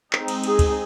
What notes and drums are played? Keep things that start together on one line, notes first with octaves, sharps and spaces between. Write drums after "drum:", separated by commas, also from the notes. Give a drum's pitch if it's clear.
G#3 C4 D#4, drum: clap
drum: cymbal
G#4, drum: cymbal
drum: kick C#2, cymbal